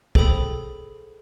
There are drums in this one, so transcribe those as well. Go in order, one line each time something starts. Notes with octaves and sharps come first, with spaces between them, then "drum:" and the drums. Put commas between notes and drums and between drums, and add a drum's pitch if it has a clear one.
G#4 A4 C5 G5 B5 D#6, drum: kick